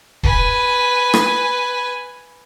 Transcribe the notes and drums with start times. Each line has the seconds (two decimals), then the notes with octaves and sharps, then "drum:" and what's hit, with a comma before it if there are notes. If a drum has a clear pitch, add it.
0.23 B4 G#5, drum: kick D#1
1.14 drum: rim click